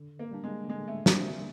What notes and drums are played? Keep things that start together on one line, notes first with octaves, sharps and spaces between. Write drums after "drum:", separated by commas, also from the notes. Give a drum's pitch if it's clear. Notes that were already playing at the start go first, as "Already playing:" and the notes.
Already playing: D3
A#3
G3 A#3 D4
G#3
D3 G#3
A3
G3 A#3 C4 D4, drum: snare